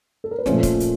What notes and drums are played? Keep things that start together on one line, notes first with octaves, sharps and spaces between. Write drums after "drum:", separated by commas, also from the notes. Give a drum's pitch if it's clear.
A4
A#4
B4
A#2 F3 A3 C#4 C5, drum: snare
drum: kick, hi-hat
drum: hi-hat